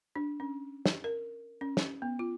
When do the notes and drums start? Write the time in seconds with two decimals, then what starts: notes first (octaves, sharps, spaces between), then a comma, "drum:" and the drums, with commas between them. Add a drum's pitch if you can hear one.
0.16 D4
0.40 C#4
0.86 drum: snare
1.04 A#4
1.61 C#4
1.77 drum: snare
2.02 B3
2.19 F4